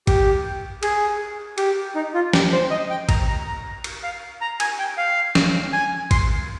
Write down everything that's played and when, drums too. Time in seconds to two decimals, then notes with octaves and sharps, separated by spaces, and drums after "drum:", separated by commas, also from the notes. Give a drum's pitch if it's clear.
0.07 G4, drum: kick G#1, cymbal
0.83 G#4, drum: cymbal
1.58 G4, drum: cymbal
1.95 D#4
2.14 F4
2.33 G4, drum: snare
2.52 C5
2.71 D#5
2.90 G5
3.09 A#5, drum: kick G#1, cymbal
3.28 A#5
3.47 A#5
3.84 drum: cymbal
4.03 F5
4.41 A#5
4.60 G#5, drum: cymbal
4.79 G5
4.98 F5
5.35 drum: snare
5.73 G#5
6.11 C6, drum: kick G#1, cymbal